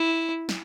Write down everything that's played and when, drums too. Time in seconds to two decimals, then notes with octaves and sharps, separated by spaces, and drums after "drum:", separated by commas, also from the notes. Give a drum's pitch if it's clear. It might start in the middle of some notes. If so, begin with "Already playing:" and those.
Already playing: E4
0.49 drum: snare